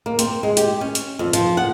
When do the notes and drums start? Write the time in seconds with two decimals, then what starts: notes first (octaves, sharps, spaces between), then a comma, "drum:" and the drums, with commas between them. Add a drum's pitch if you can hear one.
0.06 A#3
0.19 C4, drum: hi-hat
0.43 G#3
0.57 G4, drum: hi-hat
0.81 C#4
0.95 drum: hi-hat
1.19 F2
1.33 F3, drum: hi-hat
1.57 F#5